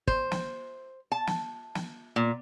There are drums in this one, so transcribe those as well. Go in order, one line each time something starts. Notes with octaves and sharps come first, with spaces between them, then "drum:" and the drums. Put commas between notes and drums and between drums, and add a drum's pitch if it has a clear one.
C5, drum: kick
drum: snare
A5
drum: snare
drum: snare
A#2